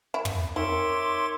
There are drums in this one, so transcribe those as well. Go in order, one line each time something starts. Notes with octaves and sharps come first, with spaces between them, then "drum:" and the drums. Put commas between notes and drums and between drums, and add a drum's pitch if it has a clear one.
E4
drum: tom
C4 D#4 A#4 C#5 E5 C6 D6